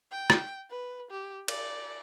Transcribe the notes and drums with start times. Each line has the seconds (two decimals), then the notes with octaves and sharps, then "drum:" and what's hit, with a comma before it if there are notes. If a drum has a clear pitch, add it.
0.12 G5
0.30 drum: rim click
0.71 B4
1.11 G4
1.48 D5, drum: cymbal